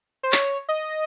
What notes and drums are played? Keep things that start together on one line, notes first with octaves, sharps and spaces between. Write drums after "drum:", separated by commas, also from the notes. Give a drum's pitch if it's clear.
C5
C#5, drum: clap
D#5